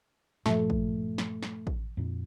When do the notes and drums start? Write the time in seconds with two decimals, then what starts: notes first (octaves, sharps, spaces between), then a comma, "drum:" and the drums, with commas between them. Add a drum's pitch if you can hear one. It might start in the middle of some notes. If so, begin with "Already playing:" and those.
0.46 G2 A#2 F3 A3, drum: snare
0.70 drum: kick
1.18 drum: snare
1.43 drum: snare
1.67 drum: kick
1.97 F2 A#2